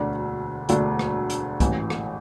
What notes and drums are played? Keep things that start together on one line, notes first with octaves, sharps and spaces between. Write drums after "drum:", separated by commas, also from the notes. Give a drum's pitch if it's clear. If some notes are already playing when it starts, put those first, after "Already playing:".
Already playing: E1 D2 D3 A3 D4
E1 D2 D3 A3 D4, drum: hi-hat
drum: rim click
drum: hi-hat
A1 A2 E3, drum: kick, hi-hat
drum: rim click